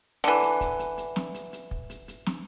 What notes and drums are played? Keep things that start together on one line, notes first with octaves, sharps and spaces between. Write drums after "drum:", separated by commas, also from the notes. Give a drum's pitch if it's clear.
D3 E3, drum: hi-hat
drum: hi-hat
drum: kick, hi-hat
drum: hi-hat
drum: hi-hat
drum: snare
drum: hi-hat
drum: hi-hat
drum: kick
drum: hi-hat
drum: hi-hat
drum: snare